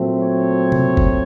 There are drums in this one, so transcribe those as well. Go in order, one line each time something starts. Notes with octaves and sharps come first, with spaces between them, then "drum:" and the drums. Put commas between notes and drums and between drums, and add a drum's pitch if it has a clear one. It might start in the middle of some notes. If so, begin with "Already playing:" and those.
Already playing: A#2 F#3 A3 C4
C#5
drum: tom C3
drum: kick F#1